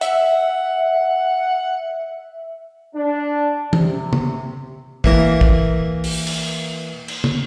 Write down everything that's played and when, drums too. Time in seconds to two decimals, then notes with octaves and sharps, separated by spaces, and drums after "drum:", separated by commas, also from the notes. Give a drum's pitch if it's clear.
0.01 E5 F#5, drum: hi-hat
2.95 D4
3.73 C3, drum: tom
4.13 drum: tom
5.04 E3 A#3, drum: kick
5.41 drum: kick
6.04 drum: open hi-hat
6.27 drum: cymbal
7.08 drum: cymbal
7.24 drum: tom